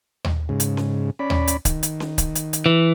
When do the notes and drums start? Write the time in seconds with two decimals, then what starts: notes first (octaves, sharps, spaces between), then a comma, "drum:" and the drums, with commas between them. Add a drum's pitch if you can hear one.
0.24 drum: tom D#2
0.49 G#2 C#3
0.60 drum: hi-hat
0.77 drum: snare C#4
1.19 C#4 D5 B5
1.30 drum: tom D#2
1.47 drum: hi-hat
1.65 D#3, drum: kick C#1, hi-hat
1.83 drum: hi-hat
2.00 drum: snare C#4
2.18 drum: kick C#1, hi-hat
2.35 drum: hi-hat
2.53 drum: hi-hat
2.66 E3